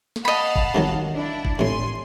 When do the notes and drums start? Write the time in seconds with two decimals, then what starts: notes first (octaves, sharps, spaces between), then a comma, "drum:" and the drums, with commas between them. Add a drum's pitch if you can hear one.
0.16 drum: snare
0.25 D#5 F5 F#5 A5 B5
0.56 drum: kick G1
0.75 C3 D#3 F#3
1.15 D4 E4
1.45 drum: kick G1
1.59 A2 C3 G#5 C6